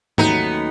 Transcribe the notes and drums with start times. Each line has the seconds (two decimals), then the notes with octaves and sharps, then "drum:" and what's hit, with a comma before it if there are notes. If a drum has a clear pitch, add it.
0.18 D#2 D#3 F#3 A3 B3 C#4 D#4, drum: tom